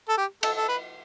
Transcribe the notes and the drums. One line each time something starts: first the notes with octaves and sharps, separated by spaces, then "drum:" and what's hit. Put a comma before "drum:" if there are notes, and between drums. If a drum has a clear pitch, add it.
A4
G4
A4, drum: cymbal
A4
B4